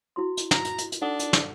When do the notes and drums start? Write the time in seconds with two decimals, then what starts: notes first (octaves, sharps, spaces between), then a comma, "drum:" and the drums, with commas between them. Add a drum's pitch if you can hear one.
0.16 E4 F#4 C6
0.37 drum: hi-hat
0.51 A#5, drum: snare
0.65 drum: hi-hat
0.78 drum: hi-hat
0.92 drum: hi-hat
1.02 D4 D#4 A4 F#5
1.19 drum: hi-hat
1.33 drum: snare